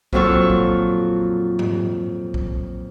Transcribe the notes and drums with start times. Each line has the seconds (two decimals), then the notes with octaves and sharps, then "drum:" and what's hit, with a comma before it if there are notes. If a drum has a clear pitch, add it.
0.13 F2 A#2 F#3 F4 A4 C#6, drum: kick B1
0.50 drum: kick B1
1.59 drum: tom
2.34 drum: kick B1